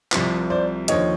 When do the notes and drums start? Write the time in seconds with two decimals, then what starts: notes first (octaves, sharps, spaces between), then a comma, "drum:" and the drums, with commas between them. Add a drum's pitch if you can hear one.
0.12 C2 C3 F3, drum: clap
0.50 C5 D5
0.88 D#2 D3 F3 C#5 D#5, drum: hi-hat